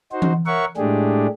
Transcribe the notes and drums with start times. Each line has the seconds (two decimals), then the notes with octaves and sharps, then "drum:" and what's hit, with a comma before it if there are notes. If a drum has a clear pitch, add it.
0.12 D#4 F#4 C5
0.22 drum: tom E3
0.46 A#4 C#5 E5 F#5 C#6
0.77 A2 G#3 A3 D4 G4 G#4